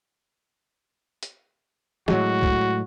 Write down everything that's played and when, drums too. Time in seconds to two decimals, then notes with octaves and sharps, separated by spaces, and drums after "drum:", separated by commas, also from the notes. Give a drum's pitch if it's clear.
1.23 drum: hi-hat
2.08 A2 F#3 G#3 F#4, drum: snare
2.42 drum: kick